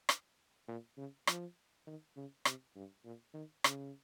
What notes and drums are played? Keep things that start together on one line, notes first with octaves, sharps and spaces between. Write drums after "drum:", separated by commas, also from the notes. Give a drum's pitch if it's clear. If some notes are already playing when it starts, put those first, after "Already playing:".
drum: rim click
A#2
C#3
F3, drum: rim click
D#3
C#3
C3, drum: rim click
G2
A#2
D#3
C#3, drum: rim click